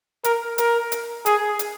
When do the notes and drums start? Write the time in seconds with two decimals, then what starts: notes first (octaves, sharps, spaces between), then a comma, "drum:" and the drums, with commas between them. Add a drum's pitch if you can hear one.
0.24 A#4, drum: hi-hat
0.58 A#4, drum: hi-hat
0.92 drum: hi-hat
1.26 G#4, drum: hi-hat
1.59 drum: hi-hat